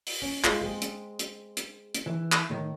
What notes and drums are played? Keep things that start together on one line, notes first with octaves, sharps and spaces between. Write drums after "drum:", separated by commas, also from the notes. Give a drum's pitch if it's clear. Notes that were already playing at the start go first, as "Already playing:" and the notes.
drum: open hi-hat
C#4
G#3 F4, drum: clap
G#3 C4 G#4
drum: hi-hat
drum: hi-hat
drum: hi-hat
drum: hi-hat
E3
drum: clap
A2 D#3